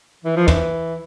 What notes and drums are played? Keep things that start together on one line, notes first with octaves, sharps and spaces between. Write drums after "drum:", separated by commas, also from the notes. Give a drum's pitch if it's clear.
E3
F3
E3, drum: tom